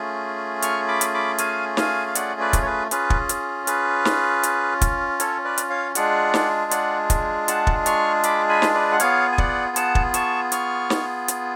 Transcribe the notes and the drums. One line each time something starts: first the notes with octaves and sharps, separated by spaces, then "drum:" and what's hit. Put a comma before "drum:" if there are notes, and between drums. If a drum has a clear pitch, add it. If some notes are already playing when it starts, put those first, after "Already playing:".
Already playing: A3 C#4 F4 G#4
C#6 F6, drum: hi-hat
B5 D6
drum: hi-hat
B5 D6
F5 G#5, drum: hi-hat
F5 G#5, drum: snare
F5
D5 F#5, drum: hi-hat
B4 D5
drum: kick, hi-hat
C#5
G#4 B4
C#4 F4 G#4 B4, drum: hi-hat
drum: kick
drum: hi-hat
G#4 B4, drum: hi-hat
drum: snare
drum: hi-hat
drum: kick, hi-hat
A4 C#5, drum: hi-hat
B4 D5
drum: hi-hat
C#5 F5
G#3 D4 F4 G#4 D5 F#5, drum: hi-hat
drum: snare
D5 F#5, drum: hi-hat
drum: kick, hi-hat
F#5 A5, drum: hi-hat
drum: kick
C#6 F6, drum: hi-hat
B5 D6, drum: hi-hat
G#5 B5
drum: snare
B4 D5
F#5
B3 F4 G#4 C#5 F5, drum: hi-hat
G#5
D5 F#5, drum: kick
F#5 A5, drum: hi-hat
drum: kick
A5 C#6, drum: hi-hat
C#6 F6, drum: hi-hat
drum: snare
drum: hi-hat